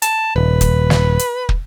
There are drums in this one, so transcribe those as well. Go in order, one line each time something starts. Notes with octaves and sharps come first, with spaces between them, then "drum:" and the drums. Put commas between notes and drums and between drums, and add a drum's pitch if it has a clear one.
A5, drum: hi-hat
D#1 B4
drum: kick, hi-hat
drum: snare
drum: hi-hat
drum: kick